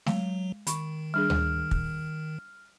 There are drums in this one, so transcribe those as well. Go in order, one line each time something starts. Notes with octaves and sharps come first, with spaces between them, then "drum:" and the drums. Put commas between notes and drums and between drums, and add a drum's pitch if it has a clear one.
F#3 G#3, drum: snare A3
D#3 B5 C#6, drum: hi-hat
G3 D4 G#4 F6
drum: tom D2
drum: kick